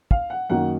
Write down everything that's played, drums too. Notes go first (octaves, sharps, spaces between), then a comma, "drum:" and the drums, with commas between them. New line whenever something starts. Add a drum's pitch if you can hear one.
F5, drum: kick
F#5
F#2 D#3 F#3 A#3 F#5